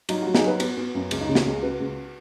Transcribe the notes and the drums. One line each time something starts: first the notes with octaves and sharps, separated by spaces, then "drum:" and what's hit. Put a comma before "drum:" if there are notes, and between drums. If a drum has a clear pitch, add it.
F#3 D#4, drum: cymbal
F#3 F#4
D#4 G#4, drum: snare
F#3 F#4 B4
B3 F#4 B4, drum: cymbal
B3
F#2
C#2, drum: cymbal
D#4
C#3
F#4, drum: snare
C#2 G#4
C#3 F#4 B4
C#2